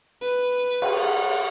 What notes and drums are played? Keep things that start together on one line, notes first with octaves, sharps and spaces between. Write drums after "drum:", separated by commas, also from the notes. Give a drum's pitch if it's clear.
B4
drum: cymbal
F#5